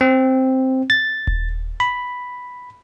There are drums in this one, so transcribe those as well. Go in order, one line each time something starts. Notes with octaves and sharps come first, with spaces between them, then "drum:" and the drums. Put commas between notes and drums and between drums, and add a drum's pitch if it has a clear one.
C4
A6
drum: kick D#1
B5